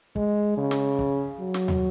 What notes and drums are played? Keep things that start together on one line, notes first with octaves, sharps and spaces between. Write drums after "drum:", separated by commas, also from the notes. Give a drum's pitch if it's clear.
G#3, drum: kick
C#3
drum: snare
drum: kick
F#3
drum: snare
drum: tom